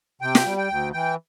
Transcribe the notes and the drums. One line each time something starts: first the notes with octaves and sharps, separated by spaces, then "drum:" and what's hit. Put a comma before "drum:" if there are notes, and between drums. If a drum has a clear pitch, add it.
C3 G5
drum: snare
G3
G5
D2
E3 G5